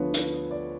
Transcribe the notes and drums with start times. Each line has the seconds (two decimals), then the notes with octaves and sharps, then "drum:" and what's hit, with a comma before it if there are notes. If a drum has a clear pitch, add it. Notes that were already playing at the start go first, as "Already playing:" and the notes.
Already playing: D2 D3 F3 B3 C#5
0.14 drum: hi-hat
0.51 D5